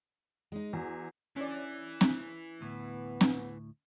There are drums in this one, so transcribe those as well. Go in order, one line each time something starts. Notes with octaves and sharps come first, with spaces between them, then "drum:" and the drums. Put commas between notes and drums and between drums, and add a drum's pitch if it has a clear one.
G#3 D#4
E2 F#4
E3 C#4 D4 D5
drum: snare C4
D2 A2 B3
drum: snare C4